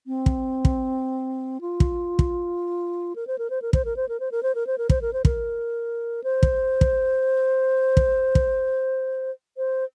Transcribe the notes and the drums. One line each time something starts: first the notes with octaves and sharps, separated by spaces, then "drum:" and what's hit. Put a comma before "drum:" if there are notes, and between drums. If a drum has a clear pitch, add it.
C4
drum: kick
drum: kick
F4
drum: kick
drum: kick
A#4
C5
A#4
C5
A#4
C5, drum: kick
A#4
C5
A#4
C5
A#4
C5
A#4
C5
A#4
C5, drum: kick
A#4
C5
A#4, drum: kick
C5
drum: kick
drum: kick
drum: kick
drum: kick
C5